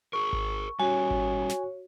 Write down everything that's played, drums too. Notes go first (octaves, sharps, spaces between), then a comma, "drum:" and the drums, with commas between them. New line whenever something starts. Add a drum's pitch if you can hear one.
G#4 A#4 C#6
drum: kick G#1
G3 C#4 F#4 C#5 G#5
drum: kick G#1
drum: snare